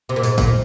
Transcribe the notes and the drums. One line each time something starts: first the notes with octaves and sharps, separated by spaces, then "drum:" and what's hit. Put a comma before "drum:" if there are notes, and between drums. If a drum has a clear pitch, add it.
C3
A#2
G#2, drum: tambourine
A#2, drum: kick G1, tambourine